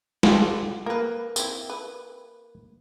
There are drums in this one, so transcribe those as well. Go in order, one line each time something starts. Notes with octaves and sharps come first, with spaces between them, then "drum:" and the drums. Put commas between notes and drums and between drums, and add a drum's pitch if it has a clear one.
F4 G4 A4 F#5, drum: snare
A#3 A#4 B4
C4 E4, drum: tambourine
B4